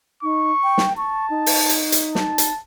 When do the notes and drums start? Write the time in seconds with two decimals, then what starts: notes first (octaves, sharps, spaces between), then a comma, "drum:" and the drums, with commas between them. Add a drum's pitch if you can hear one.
0.23 D#4 C#6
0.63 G5
0.78 drum: snare
0.97 A5 C#6
1.30 D#4
1.46 drum: open hi-hat
1.69 drum: hi-hat
1.92 drum: hi-hat
2.15 A5, drum: snare
2.38 drum: hi-hat